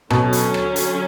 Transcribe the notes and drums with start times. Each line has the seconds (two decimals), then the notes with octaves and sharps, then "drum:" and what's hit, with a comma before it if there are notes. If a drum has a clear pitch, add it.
0.10 B2 D3 F#3 C#4, drum: rim click
0.33 drum: hi-hat
0.54 drum: rim click
0.76 drum: hi-hat